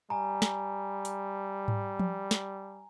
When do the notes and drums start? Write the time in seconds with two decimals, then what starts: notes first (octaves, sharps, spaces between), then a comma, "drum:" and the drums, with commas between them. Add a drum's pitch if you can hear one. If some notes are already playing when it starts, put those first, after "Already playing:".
0.10 G3 G#5 A#5
0.42 drum: snare
1.05 drum: hi-hat
1.68 drum: tom G#2
2.00 drum: tom F3
2.31 drum: snare